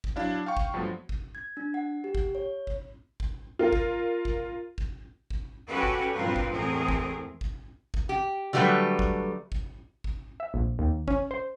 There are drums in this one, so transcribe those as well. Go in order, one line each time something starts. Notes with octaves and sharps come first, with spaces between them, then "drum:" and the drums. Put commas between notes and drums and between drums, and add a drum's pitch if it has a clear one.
drum: kick G#1
F#3 D4 E4 F5
F5 G5 C#6
drum: kick G#1
G2 F3 F#3 A3 B3
drum: kick G#1
G#6
D4
F#5
G4
drum: kick G#1
C#5
drum: kick G#1
drum: kick G#1
F4 A#4
drum: kick G#1
drum: kick G#1
drum: kick G#1
drum: kick G#1
C#4 F#4 G4 A4 B4
drum: kick G#1
G2 A#2 C4 F4 A#4 B4
drum: kick G#1
E2 A2 A3 C4 G#4 A#4
drum: kick G#1
drum: kick G#1
drum: kick G#1
G4
D3 F#3 G3 A3 B4
drum: kick G#1
drum: kick G#1
drum: kick G#1
E5
A#1
D#2
C#4, drum: kick G#1
C5